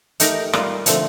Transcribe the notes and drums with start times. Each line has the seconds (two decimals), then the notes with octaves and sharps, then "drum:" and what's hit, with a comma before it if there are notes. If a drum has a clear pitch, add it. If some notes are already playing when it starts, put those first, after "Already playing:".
0.20 A3 D#4 G4 A#4, drum: hi-hat
0.53 G3 A#3 F4, drum: rim click
0.86 D3 F3 A3 C4, drum: hi-hat